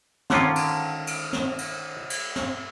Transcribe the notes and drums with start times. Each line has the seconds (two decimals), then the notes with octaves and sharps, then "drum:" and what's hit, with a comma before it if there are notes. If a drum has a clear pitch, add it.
0.30 D3 D#3 C#4 F4, drum: snare
0.55 drum: cymbal
1.07 drum: cymbal
1.33 drum: snare
1.58 drum: cymbal
2.10 drum: cymbal
2.36 drum: snare